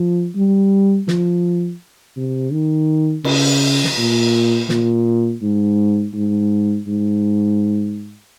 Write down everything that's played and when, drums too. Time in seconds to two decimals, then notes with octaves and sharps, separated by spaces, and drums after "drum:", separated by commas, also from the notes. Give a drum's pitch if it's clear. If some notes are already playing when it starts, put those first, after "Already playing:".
Already playing: F3
0.35 G3
1.08 F3, drum: snare
2.16 C3
2.52 D#3
3.24 C#3, drum: cymbal
3.84 drum: snare
3.98 A#2
4.69 A#2, drum: snare
5.42 G#2
6.14 G#2
6.87 G#2